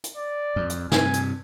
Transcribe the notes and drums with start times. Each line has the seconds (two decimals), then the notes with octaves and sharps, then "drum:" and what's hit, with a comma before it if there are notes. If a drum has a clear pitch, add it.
0.04 drum: hi-hat
0.17 D5
0.56 F2
0.70 drum: hi-hat
0.92 G2 C3 G#5, drum: snare
1.14 drum: hi-hat